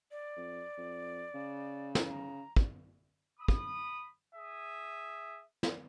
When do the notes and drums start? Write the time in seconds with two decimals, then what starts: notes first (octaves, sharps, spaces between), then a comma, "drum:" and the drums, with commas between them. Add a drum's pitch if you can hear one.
0.11 D5
0.37 F2
0.78 F2
1.34 C#3
1.95 drum: snare
2.09 A#5
2.56 drum: kick
3.39 B5 D#6
3.48 drum: kick
4.36 G#4 E5 D#6
5.63 drum: snare